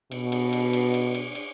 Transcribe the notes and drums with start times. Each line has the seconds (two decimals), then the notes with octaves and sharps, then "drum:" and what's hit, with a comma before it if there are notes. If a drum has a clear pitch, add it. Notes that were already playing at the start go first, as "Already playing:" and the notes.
0.11 B2, drum: cymbal
0.32 drum: cymbal
0.53 drum: cymbal
0.73 drum: cymbal
0.94 drum: cymbal
1.15 drum: cymbal
1.35 drum: cymbal